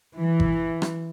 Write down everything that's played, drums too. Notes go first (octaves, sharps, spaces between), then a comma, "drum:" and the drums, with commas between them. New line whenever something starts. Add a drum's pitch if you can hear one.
E3
drum: kick G#1
drum: rim click